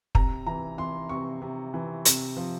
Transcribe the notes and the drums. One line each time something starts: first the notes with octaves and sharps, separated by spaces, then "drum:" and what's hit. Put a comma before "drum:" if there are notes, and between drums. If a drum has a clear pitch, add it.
C3 A#5, drum: kick
E3 A#5
E3 C6
C3 C#6
C3
E3
C3, drum: hi-hat
F3